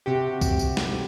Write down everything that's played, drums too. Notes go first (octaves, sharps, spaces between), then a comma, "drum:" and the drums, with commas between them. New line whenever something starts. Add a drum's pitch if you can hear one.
C3 F#4 G4
drum: kick, tambourine
drum: tambourine
drum: snare